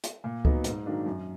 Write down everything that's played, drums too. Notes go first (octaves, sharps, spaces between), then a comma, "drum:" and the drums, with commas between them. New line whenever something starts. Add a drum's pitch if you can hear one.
drum: hi-hat
A#2
F#3 B3 D#4, drum: kick C#2
G#2, drum: hi-hat
D#3 F#3 A#3 D4
F#2